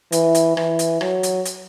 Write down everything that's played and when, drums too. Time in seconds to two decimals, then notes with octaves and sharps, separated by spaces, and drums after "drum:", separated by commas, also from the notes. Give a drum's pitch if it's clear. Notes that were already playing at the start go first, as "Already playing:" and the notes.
0.12 E3, drum: hi-hat
0.35 drum: hi-hat
0.57 E3, drum: rim click
0.79 drum: hi-hat
1.01 F#3, drum: rim click
1.23 drum: hi-hat
1.45 drum: hi-hat